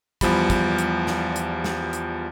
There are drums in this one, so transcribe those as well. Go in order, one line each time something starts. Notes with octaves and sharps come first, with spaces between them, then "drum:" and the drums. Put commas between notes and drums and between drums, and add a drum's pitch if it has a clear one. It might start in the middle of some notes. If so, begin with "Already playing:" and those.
E2 F3 G3 B5, drum: kick, hi-hat
drum: kick, hi-hat
drum: hi-hat
drum: snare
drum: hi-hat
drum: snare
drum: hi-hat